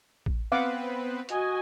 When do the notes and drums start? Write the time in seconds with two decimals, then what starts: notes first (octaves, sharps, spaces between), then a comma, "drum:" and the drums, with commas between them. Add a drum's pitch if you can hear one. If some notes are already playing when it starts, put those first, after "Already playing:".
0.26 drum: kick A1
0.52 B3 C4 B4 F5 F#5 D6
1.29 F#4 D#5 G#5, drum: hi-hat